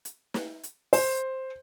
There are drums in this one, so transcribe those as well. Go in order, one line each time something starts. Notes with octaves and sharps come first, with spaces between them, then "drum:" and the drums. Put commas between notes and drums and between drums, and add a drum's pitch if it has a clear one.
drum: hi-hat
drum: snare
drum: hi-hat
C5, drum: open hi-hat